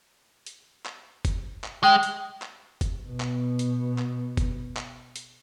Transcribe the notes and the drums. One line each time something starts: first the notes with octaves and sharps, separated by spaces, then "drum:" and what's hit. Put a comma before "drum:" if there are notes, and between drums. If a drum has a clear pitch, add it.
drum: hi-hat
drum: clap
drum: kick F#1, hi-hat
drum: clap
G#3 G5
drum: hi-hat
drum: clap
drum: kick F#1, hi-hat
B2 B3
drum: clap
drum: hi-hat
drum: clap
drum: kick F#1, hi-hat
drum: clap
drum: hi-hat